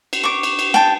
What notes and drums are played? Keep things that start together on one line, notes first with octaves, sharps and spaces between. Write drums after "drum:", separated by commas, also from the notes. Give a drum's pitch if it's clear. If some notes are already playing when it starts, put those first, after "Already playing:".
drum: cymbal
C#6 D6
drum: cymbal
drum: cymbal
G5 A5, drum: snare